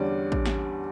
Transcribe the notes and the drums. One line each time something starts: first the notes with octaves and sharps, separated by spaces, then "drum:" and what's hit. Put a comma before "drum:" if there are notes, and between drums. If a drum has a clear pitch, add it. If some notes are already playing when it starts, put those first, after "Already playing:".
Already playing: E2 D3 G3 C#4 D5
drum: kick
drum: snare